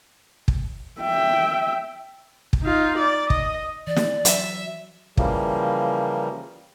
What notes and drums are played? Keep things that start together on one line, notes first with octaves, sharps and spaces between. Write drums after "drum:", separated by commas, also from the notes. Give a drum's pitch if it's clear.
drum: kick
E5 G5
drum: kick
D#4 F4
D5
D#5, drum: kick
E3 D5
drum: snare
F#3 E5, drum: hi-hat
C#3 E3 F3 G3 A#3, drum: kick